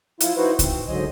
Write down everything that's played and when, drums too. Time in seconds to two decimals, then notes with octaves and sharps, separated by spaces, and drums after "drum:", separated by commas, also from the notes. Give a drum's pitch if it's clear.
0.20 F3 E4 F4, drum: hi-hat
0.37 D#4 E4 F#4 B4 C5
0.59 C4, drum: kick C2, hi-hat
0.88 G#2 D3 F#3 C5 D#5 G#5